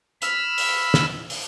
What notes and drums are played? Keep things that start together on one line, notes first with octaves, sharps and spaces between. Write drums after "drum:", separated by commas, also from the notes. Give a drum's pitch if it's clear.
B5 E6 F6, drum: hi-hat
drum: open hi-hat
drum: snare
drum: open hi-hat